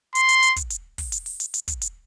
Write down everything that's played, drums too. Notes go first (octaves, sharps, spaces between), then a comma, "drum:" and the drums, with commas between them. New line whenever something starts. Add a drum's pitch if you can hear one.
C6, drum: hi-hat
drum: hi-hat
drum: hi-hat
drum: kick, hi-hat
drum: hi-hat
drum: kick, open hi-hat
drum: hi-hat
drum: open hi-hat
drum: hi-hat
drum: hi-hat
drum: kick, hi-hat
drum: hi-hat